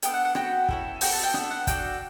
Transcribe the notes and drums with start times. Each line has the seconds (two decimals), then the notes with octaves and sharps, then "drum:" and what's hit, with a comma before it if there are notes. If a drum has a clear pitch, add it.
0.02 B3 D4 A4 G5, drum: hi-hat
0.14 F#5
0.25 F#5
0.35 B3 F#4 A4 G5, drum: rim click
0.69 C#4 E4 A4, drum: kick
1.01 B3 F#4 A4 G5, drum: open hi-hat
1.12 A5
1.24 G5
1.34 B3 D4 A4, drum: rim click
1.51 F#5
1.67 D4 F#4 A4 G5, drum: kick, hi-hat